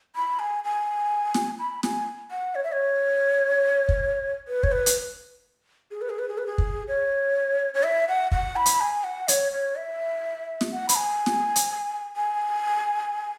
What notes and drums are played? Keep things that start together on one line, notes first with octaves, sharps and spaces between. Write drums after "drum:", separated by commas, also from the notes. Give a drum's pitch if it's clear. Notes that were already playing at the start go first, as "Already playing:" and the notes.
B5
G#5
G#5
drum: snare
B5
G#5, drum: snare
F#5
C#5
E5
C#5
drum: kick
B4
C#5, drum: kick
B4
drum: hi-hat
G#4
B4
G#4
B4
G#4
B4
G#4
drum: kick
C#5
C#5
E5
F#5
F#5, drum: kick
B5
drum: hi-hat
G#5
F#5
C#5, drum: hi-hat
C#5
E5
drum: snare
F#5
B5, drum: hi-hat
G#5
drum: snare
drum: hi-hat
G#5